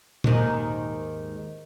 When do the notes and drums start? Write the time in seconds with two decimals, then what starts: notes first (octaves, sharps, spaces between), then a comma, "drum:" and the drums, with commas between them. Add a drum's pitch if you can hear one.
0.24 D#2 G#2 D#3, drum: tom A#2